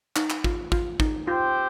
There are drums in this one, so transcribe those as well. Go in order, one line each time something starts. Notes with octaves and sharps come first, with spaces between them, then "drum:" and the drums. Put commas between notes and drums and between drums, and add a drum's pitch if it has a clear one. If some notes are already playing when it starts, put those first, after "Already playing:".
D#4, drum: clap
drum: clap
F4, drum: kick
F4, drum: kick
D#4, drum: kick
C4 F4 G4 C5 G5